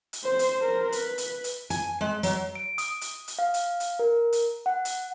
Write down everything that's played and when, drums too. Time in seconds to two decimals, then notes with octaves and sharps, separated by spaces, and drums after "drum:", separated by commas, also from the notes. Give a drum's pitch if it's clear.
0.13 drum: hi-hat
0.24 C5
0.39 drum: hi-hat
0.60 A#4 C5
0.92 B4, drum: hi-hat
1.18 drum: hi-hat
1.44 drum: hi-hat
1.70 G#5, drum: hi-hat
2.01 G#3
2.23 F#3, drum: hi-hat
2.55 D7
2.78 D#6, drum: hi-hat
3.01 drum: hi-hat
3.28 drum: hi-hat
3.39 F5
3.54 drum: hi-hat
3.80 drum: hi-hat
3.99 A#4
4.33 drum: hi-hat
4.66 F#5
4.85 drum: hi-hat